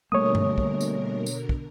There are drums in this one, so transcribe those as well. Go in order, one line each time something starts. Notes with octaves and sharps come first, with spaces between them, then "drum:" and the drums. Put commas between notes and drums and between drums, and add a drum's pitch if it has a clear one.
B2 D3 G3 A3 A#3 A#4 C#5 D#6
drum: tom G2
drum: kick
drum: tambourine
drum: tambourine
drum: kick